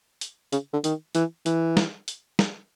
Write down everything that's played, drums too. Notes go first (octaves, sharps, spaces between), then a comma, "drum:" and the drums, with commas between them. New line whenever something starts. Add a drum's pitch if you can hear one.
drum: hi-hat
C#3, drum: hi-hat
D3
D#3, drum: hi-hat
E3, drum: hi-hat
E3, drum: hi-hat
drum: snare
drum: hi-hat
drum: snare